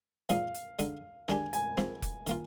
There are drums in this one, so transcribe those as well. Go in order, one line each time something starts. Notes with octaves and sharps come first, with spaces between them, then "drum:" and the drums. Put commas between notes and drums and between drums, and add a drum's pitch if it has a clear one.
A#2 F3 G#3 D#4 F5, drum: hi-hat
drum: hi-hat
D3 G#3 D#4, drum: hi-hat
D#3 G#3 D4 G4 G#5, drum: snare
G#5, drum: hi-hat
G#2 F3 C4, drum: snare
drum: kick F1, hi-hat
D#3 A#3 F4, drum: hi-hat